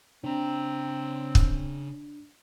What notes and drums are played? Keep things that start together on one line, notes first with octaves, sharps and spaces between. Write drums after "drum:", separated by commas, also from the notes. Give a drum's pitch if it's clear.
C#3 C4 D4 A#5
drum: kick